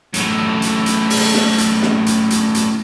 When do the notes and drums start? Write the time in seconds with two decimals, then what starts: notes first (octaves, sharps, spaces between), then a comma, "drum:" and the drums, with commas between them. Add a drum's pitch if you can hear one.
0.14 F#2 A2, drum: hi-hat
0.62 drum: hi-hat
0.86 drum: hi-hat
1.10 drum: open hi-hat
1.34 drum: snare
1.58 drum: hi-hat
1.82 drum: snare
2.06 drum: hi-hat
2.30 drum: hi-hat
2.55 drum: hi-hat